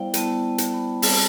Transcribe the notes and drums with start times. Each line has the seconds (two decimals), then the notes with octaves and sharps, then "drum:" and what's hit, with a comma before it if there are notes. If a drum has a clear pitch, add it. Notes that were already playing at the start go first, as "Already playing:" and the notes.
Already playing: G3 B3 E4 C5 D5 F5 G5
0.14 G3 B3 E4 A5, drum: hi-hat
0.58 drum: hi-hat
0.73 B5
1.02 G3 C4 F4 A5, drum: open hi-hat